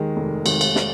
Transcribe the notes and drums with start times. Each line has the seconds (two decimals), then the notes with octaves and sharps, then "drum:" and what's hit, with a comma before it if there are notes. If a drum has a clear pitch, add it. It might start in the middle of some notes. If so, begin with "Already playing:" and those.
Already playing: D#2 D#3 G#3
0.16 F1
0.46 G#1, drum: cymbal
0.61 drum: cymbal
0.76 drum: snare